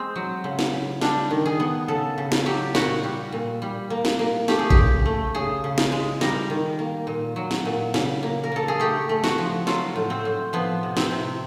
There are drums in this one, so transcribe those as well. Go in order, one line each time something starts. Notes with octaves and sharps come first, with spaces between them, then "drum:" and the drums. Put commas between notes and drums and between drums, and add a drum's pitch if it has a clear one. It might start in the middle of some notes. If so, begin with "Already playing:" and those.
Already playing: G#3 C4
F#3
C#3
drum: snare
C#3
G3 D4, drum: snare
D#3
G#4
B3
C#3 A4
C#3
drum: snare
F#3 G4
A#2 F#4, drum: snare
G3
A#2
G3
A#3
drum: snare
A#3
A3 G4, drum: snare
G#4
G4, drum: kick
C#3
A3
C#3 G#4
C#3
drum: snare
G#3
G3 A#4, drum: snare
D#3
A#3
A#2
F#3
drum: snare
A#2
C#3, drum: snare
A#3
A#4
A#3 A4
G#4
A3 G4
A3
F#4, drum: snare
F3
F#3 F4, drum: snare
A2
C4
A2
F3 B3
C3
C4, drum: snare
C3